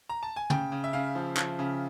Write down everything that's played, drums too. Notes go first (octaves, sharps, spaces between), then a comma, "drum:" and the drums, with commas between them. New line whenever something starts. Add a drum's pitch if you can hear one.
A#5
A5
G#5
C#3 G5, drum: tom
C#3
E5
C#3 F5
F3
F3, drum: clap
C#3